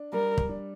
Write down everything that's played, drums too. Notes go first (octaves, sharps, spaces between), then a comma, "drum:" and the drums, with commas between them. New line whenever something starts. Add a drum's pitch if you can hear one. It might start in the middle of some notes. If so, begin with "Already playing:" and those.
Already playing: D4
G3 A#4
drum: kick
D4